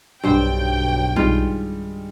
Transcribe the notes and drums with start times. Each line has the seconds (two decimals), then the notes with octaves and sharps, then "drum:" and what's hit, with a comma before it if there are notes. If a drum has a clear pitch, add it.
0.24 B1 G2 C5 G5
1.16 D#3 G3 G#3 F4, drum: tom B1